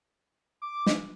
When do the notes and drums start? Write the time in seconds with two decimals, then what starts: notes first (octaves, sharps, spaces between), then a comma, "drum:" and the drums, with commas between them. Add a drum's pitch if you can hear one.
0.62 D6
0.86 drum: snare